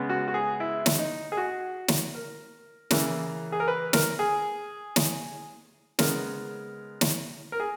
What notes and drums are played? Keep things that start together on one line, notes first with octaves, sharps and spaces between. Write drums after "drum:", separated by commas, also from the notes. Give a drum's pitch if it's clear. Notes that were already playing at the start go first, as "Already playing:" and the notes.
Already playing: C#3 G#3 B3
F#4
F#4
G#4
E4
drum: snare
D#4
G#4
F#4
drum: snare
A#4
C#3 E3 A#3, drum: snare
G#4
A#4
B4
A#4, drum: snare
G#4
drum: snare
C#3 G#3 B3 A#4, drum: snare
drum: snare
A#4
G#4